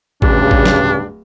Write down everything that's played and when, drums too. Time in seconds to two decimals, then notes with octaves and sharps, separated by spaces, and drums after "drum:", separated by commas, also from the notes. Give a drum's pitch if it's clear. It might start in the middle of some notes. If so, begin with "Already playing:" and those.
0.22 D1 G2 C#3 D4, drum: kick
0.51 drum: kick
0.66 drum: snare